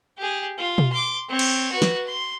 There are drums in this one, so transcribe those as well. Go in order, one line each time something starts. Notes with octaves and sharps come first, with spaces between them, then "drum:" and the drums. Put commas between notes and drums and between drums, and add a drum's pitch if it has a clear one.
G4 G#4
F4
drum: tom B2
C6 D6
C4 C#5
drum: cymbal
F#4 B4
drum: snare
C6